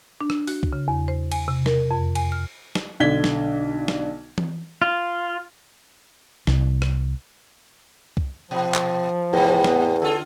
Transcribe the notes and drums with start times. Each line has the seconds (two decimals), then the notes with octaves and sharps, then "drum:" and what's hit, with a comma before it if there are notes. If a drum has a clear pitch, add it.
0.21 D4
0.30 drum: rim click
0.47 F#4, drum: open hi-hat
0.63 drum: kick C2
0.73 C#3
0.88 E2
1.08 C5
1.32 G#5, drum: cymbal
1.48 C3
1.66 A#4, drum: snare
1.91 F2
2.15 G#5, drum: cymbal
2.32 F6
2.75 drum: snare
3.00 B1 D3 D4 G#6 B6 G7
3.24 drum: snare
3.88 drum: snare
4.38 drum: tom E3
4.82 F4
6.47 C2, drum: snare
6.82 drum: rim click
8.17 drum: kick C2
8.51 B2 F3
8.74 drum: clap
9.33 E2 G#2 C3
9.64 B3, drum: snare
10.02 D3 F4 A4